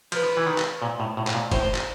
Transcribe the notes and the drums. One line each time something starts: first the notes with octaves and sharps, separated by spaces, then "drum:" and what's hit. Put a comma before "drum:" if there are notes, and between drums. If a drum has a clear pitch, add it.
F3 B4, drum: cymbal
E3
D#3
drum: clap
A#2
A2
A2
A2, drum: clap
A#2
A2 C5, drum: kick G1, cymbal
drum: clap